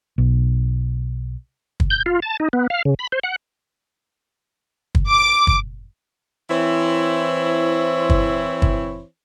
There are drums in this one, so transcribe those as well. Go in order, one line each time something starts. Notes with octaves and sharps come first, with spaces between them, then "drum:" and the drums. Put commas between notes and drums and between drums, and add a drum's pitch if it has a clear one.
B1
drum: kick
G6
F4
A5
D#4
B3
F5
C#3
B5
C5
F#5
drum: kick
D6
drum: kick
E3 C4 E4 C5 C#5
drum: kick
drum: kick